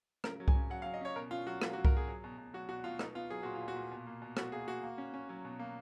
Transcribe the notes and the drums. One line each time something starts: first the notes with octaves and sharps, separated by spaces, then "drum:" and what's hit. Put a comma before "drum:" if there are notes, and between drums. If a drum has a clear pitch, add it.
C#3 A#4, drum: rim click
F#3
G#5, drum: kick C2
C#3
F#3 F#5
F5
F#3
D#5
C#4 C#5
B2 A#4
C#4 F4
F#3 F#4
A#3 F4, drum: rim click
F#4
F#3
A#4, drum: kick C2
F#3 G#4
F#3
B2
B2
F#3 F#4
B2 F#4
B2 F4
B3 D#4, drum: rim click
B3 F4
F#3 G#4
A#2 F#4
F4
A#2
F#4
A#2
B2
A#3
B2
B2 F#4, drum: rim click
A#3 G#4
A#3 F#4
A#3
C#4
C#4
F#3
B2
A#3